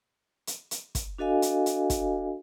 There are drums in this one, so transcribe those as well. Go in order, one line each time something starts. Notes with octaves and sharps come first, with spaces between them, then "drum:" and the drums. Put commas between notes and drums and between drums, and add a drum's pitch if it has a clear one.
drum: hi-hat
drum: hi-hat
drum: kick, hi-hat
D4 F#4 A4 D#5 F5 G#5
drum: hi-hat
drum: hi-hat
drum: kick, hi-hat